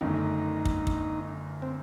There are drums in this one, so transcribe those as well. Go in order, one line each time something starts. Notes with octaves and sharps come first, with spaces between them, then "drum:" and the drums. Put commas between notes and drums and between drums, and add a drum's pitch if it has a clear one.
G1 F#2 D#3 A3 D#4
drum: kick
drum: kick
C4